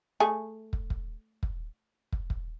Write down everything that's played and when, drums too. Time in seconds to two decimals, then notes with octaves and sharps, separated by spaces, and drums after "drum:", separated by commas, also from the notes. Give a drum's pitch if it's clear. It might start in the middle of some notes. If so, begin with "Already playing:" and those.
0.20 A3 G#4
0.73 drum: kick
0.90 drum: kick
1.43 drum: kick
2.12 drum: kick
2.30 drum: kick